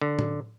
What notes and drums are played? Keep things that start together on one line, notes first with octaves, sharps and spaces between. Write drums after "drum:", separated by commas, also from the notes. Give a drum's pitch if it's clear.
D3
drum: tom A2